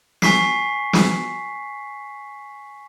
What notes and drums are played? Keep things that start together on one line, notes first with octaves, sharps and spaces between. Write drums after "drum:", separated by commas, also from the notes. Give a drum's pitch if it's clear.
G#5 C#6 B6 C7, drum: snare
drum: snare